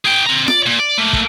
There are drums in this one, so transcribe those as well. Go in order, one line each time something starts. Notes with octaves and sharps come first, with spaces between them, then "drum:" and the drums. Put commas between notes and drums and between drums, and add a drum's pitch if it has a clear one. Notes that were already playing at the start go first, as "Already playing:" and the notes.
G#4 G5
C4 A#5
D5, drum: snare F4
A#2
D5
A3 A#3
drum: kick